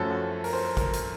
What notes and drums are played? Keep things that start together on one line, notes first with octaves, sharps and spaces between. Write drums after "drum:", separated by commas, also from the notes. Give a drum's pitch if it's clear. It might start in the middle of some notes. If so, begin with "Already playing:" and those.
Already playing: F#2 F3 A3 C#4 F#4 A4
F#4
A#4, drum: open hi-hat
C5
A#4
A#4, drum: kick, hi-hat
drum: hi-hat